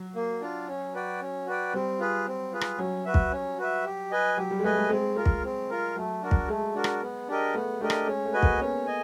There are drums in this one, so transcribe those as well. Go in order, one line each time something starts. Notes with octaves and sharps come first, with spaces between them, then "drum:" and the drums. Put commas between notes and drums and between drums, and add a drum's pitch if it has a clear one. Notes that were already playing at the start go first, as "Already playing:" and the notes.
Already playing: F#3
A#3
D4 F4
C#4
F#4 B4 D5 G5
C#4
F#4 B4 D5 G5
G3 C4
F4 G#4 B4
C4
F4 G#4 B4
drum: rim click
F#3 C#4
F#4 B4 E5
drum: kick
C#4
F#4 B4 E5
G4
B4 D#5 G#5
F#3 G4
G3
G#3
A3 B4 D#5 G#5
A3
G#3 C4
G#3 F4 A#4
drum: kick
C4
F4 A#4
F#3 A3
D4 F#4 A#4
drum: kick
G#3 A3
D4 F#4 A#4
drum: rim click
B3
D4 G4 A#4 D#5
A3 B3
A3 D4 G4 A#4 D#5
drum: rim click
G#3 C#4
A3
F#4 B4 D#5 G#5
A#3, drum: kick
B3 C#4
D#5 G#5